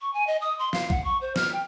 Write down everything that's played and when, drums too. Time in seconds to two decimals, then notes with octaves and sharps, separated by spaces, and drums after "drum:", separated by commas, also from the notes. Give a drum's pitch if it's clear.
0.01 C#6
0.14 G#5
0.27 D#5
0.41 D#6
0.59 C6
0.73 F5, drum: snare
0.90 F#5, drum: kick A#1
1.05 C#6
1.21 C5
1.36 F6, drum: snare
1.53 G5